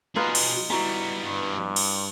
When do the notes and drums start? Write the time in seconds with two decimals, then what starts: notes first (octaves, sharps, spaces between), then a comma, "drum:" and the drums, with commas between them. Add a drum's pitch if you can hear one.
0.16 B2 D#4 F4 G#4 B4
0.35 drum: cymbal
0.70 G3 B3 E4 F#4 A#5
1.24 G2
1.76 drum: cymbal